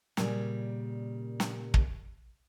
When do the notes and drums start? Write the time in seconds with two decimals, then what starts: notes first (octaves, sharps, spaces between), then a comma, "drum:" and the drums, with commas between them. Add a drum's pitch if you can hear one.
0.17 A#2 C#3 G3, drum: snare
1.40 drum: snare
1.74 drum: kick